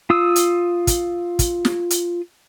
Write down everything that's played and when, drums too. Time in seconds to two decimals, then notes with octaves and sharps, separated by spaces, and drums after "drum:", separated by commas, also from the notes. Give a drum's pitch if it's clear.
0.10 F4 D#6 E6
0.36 drum: hi-hat
0.87 drum: kick, hi-hat
1.39 drum: kick, hi-hat
1.65 drum: snare
1.90 drum: hi-hat